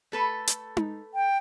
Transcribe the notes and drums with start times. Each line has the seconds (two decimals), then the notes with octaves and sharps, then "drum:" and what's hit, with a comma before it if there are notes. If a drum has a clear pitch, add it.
0.12 A3 A4 B4
0.47 drum: hi-hat
0.77 drum: tom D#4
1.14 G5